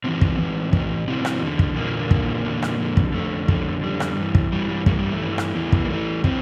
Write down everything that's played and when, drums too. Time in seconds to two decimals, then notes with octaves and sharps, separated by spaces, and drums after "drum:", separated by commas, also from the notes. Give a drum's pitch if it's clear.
0.04 A2 C3 E3 C4
0.21 drum: kick
0.39 A2 E3
0.73 A2 E3, drum: kick
1.07 A2 C3 E3 C4
1.25 drum: rim click
1.42 E2 D3
1.59 drum: kick
1.76 E2 A#2 D3 A#3
2.11 E2 D3, drum: kick
2.45 E2 D3
2.62 drum: rim click
2.80 F2 D3
2.97 drum: kick
3.14 F2 D3 A3
3.48 F2 D3, drum: kick
3.83 F2 D3 G3
4.00 drum: rim click
4.17 G2 E3
4.35 drum: kick
4.52 G2 E3 G3
4.69 G3
4.86 G2 E3 A3, drum: kick
4.99 G3
5.11 A3
5.21 G2 E3
5.38 drum: rim click
5.55 E2 E3
5.72 drum: kick
5.85 A#3
5.90 E2 E3 A3
6.24 C3 E3 C4, drum: kick